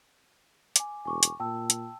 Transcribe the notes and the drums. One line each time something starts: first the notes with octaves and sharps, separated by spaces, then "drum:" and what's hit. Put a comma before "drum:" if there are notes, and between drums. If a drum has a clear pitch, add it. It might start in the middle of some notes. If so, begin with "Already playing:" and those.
G#5 D6, drum: hi-hat
E1 G#5 C#6 D6
drum: hi-hat
A#2 G5 A5 E6
drum: hi-hat